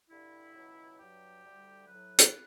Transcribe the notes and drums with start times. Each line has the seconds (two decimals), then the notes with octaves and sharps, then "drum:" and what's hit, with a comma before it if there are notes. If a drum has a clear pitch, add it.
0.09 G2 D3 G3 E4
0.54 C#2 B2 F#3
0.98 G2 F#3 G4
1.43 D2 D3 G3
1.87 A2 F#3 B4
2.19 drum: hi-hat